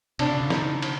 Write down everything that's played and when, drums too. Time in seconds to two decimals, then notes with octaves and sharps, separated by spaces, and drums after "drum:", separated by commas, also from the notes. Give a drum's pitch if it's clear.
0.19 C3 D4, drum: cymbal
0.30 C#3
0.41 C#3
0.50 D#4, drum: snare
0.82 drum: cymbal